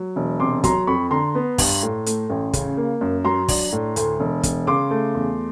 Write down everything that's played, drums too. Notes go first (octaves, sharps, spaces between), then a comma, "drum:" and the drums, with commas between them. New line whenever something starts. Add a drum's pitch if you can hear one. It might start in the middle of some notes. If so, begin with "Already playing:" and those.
Already playing: F#3
E1
C3 C6 D6
F#3 A#5 C6, drum: kick, hi-hat
F2 B5 C#6
D3 A#5 C6
B3
G2, drum: kick, open hi-hat
A2
A3, drum: hi-hat
A1
C#3, drum: kick, hi-hat
A#3
F#2
F#3 A#5 C6
D4, drum: kick, open hi-hat
A2
D2, drum: hi-hat
E1
E1, drum: kick, hi-hat
C#3 C6 D6
A3
E2